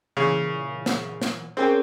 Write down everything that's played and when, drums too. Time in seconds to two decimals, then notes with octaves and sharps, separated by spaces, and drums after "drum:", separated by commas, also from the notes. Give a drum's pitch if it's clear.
0.17 A#2 C#3 E3
0.86 drum: snare
1.22 drum: snare
1.57 C4 C#4 G#4 A#4 C5 C#5 G5